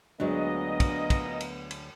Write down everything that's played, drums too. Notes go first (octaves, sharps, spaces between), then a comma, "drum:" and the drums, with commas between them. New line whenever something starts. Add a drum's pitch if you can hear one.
D2 A#2 F#3 G#3 B3 D4 A#4 D#5
drum: kick, cymbal
drum: kick, cymbal
drum: cymbal
drum: cymbal